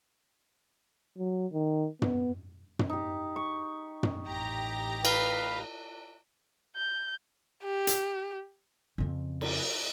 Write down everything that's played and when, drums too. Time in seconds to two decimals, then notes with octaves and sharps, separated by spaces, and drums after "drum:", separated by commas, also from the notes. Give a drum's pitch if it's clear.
1.18 F#3
1.53 D#3
2.02 B3, drum: tom
2.79 drum: tom
2.90 D#4 G4
3.36 C#6
4.03 drum: tom
4.27 A1 G4 A#5
5.05 B4 F5, drum: cymbal
6.76 G6
7.63 G4
7.87 drum: hi-hat
8.98 F2 C#3
9.41 drum: cymbal